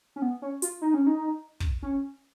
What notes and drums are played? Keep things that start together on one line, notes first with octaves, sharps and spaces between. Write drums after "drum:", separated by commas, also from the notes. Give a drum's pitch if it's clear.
C#4
B3
C#4
F4, drum: hi-hat
D#4
C#4
D#4
drum: kick
C#4